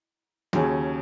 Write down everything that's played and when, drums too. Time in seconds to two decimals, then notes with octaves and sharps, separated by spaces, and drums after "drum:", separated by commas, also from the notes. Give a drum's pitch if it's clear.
0.53 D#2 C#3 F#3 C#4 G#4, drum: tom D#3